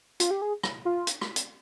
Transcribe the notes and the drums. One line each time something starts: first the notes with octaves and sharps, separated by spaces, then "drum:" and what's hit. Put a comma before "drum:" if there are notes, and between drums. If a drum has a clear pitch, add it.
F4, drum: hi-hat
G4
G#4
drum: rim click
F4
drum: hi-hat
drum: rim click
drum: hi-hat